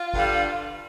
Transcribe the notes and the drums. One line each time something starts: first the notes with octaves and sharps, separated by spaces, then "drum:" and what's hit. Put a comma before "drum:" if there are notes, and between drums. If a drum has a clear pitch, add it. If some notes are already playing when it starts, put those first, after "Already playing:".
Already playing: F4
G2 D3 G3, drum: kick